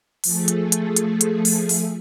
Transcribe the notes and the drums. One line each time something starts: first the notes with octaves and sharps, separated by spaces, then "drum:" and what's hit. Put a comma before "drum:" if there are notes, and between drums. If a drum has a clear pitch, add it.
F3 A3 G#4 A4, drum: open hi-hat
drum: hi-hat
drum: hi-hat
drum: hi-hat
drum: hi-hat
drum: open hi-hat
drum: open hi-hat